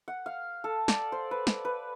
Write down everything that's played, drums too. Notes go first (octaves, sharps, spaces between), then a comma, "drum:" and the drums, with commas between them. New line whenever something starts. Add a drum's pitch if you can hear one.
F#5
F5
A4
D5, drum: snare
C5
B4
drum: snare
B4